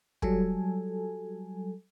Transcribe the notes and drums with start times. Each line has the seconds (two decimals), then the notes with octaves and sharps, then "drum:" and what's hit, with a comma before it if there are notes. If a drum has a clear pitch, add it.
0.22 F#3 G3 A4 G#5, drum: kick